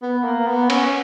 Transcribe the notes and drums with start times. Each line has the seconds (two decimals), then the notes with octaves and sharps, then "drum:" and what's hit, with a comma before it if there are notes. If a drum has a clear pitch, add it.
0.02 B3
0.24 A#3
0.48 B3
0.70 C#4, drum: cymbal